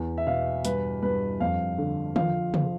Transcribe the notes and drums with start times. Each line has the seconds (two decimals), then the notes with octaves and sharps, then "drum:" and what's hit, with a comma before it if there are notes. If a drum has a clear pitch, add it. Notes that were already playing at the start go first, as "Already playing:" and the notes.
Already playing: E2
0.18 E5
0.27 B2 F5
0.65 G2 B4, drum: hi-hat
1.03 G2 B4
1.40 F2 F5
1.78 D3
2.16 F3 F5, drum: tom
2.54 F3, drum: tom